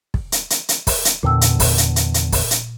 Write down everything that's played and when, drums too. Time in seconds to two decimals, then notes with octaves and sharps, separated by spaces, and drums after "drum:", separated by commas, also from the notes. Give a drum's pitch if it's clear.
0.14 drum: kick
0.32 drum: hi-hat
0.50 drum: hi-hat
0.69 drum: hi-hat
0.87 drum: kick, open hi-hat
1.05 drum: hi-hat
1.23 E2 A#2 D3 G5 E6
1.41 drum: hi-hat
1.60 drum: kick, open hi-hat
1.78 drum: hi-hat
1.96 drum: hi-hat
2.14 drum: hi-hat
2.32 drum: kick, open hi-hat
2.51 drum: hi-hat